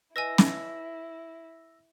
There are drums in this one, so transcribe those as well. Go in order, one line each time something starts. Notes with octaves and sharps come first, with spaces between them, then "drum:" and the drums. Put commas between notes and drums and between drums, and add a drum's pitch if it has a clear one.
E4 B4 D#5 G#5 E6 A#6
drum: snare